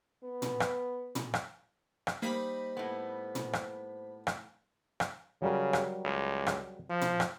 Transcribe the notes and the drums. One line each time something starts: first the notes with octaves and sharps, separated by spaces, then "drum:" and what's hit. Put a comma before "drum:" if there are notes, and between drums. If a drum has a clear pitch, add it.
B3
drum: tom
drum: rim click
drum: tom
drum: rim click
drum: rim click
G3 A#3 D#4 C5 D#5 B5 B6
A2 B3
drum: tom
drum: rim click
drum: rim click
drum: rim click
C#3 F#3 G3 A#4
drum: rim click
C#2
drum: rim click
F3
drum: tom
drum: rim click